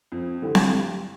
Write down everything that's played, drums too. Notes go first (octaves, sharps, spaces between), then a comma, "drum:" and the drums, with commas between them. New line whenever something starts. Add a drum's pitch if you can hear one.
F2
D3 A3 E4 G4
drum: snare C4
G2